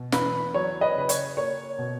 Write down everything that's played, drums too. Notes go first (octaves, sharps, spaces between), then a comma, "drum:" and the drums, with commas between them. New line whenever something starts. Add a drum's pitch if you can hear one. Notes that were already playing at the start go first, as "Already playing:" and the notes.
Already playing: B2
E2 B4, drum: snare
F#3 C#5
B4 D#5
C#3 B4
C#5, drum: hi-hat
A#3 C#5
B2